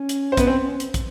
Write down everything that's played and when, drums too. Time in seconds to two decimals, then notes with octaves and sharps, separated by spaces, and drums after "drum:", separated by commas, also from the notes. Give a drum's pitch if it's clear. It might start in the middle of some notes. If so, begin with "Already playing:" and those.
Already playing: C#4
0.09 drum: hi-hat
0.32 C5
0.37 B3 B4, drum: kick, hi-hat
0.47 C4 C5
0.80 drum: hi-hat
0.94 drum: kick, hi-hat